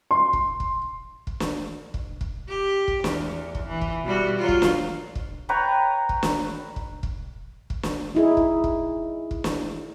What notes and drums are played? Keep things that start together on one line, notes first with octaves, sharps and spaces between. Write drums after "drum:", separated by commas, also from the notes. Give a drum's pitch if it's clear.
C6
drum: kick
drum: kick
drum: kick
drum: snare
drum: kick
drum: kick
G4
drum: kick
E2, drum: snare
drum: kick
E3
drum: kick
B2 G3 F#4
F#3 F4
drum: kick
drum: snare
drum: kick
B4 C#5 G5 A#5
drum: kick
drum: snare
drum: kick
drum: kick
drum: kick
drum: snare
D#4 E4 G#4
drum: kick
drum: kick
drum: kick
drum: snare